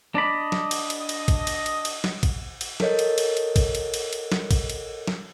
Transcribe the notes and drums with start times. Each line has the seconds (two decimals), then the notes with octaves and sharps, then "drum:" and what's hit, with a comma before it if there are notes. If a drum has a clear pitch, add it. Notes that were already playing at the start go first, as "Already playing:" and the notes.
0.15 D4 D5 D#5 B5 D#6
0.52 drum: snare
0.71 drum: cymbal
0.90 drum: cymbal
1.09 drum: cymbal
1.28 drum: kick, cymbal
1.47 drum: cymbal
1.66 drum: cymbal
1.85 drum: cymbal
2.04 drum: snare
2.23 drum: kick, cymbal
2.61 drum: cymbal
2.80 A4 A#4 C#5 D#5, drum: snare
2.99 drum: cymbal
3.18 drum: cymbal
3.37 drum: cymbal
3.56 drum: kick, cymbal
3.75 drum: cymbal
3.94 drum: cymbal
4.13 drum: cymbal
4.32 drum: snare
4.51 drum: kick, cymbal
4.70 drum: cymbal
5.07 drum: snare